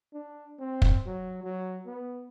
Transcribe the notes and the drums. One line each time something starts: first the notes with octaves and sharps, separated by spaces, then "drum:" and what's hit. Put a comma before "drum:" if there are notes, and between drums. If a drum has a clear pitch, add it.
D4
C4
drum: kick
F#3
F#3
B3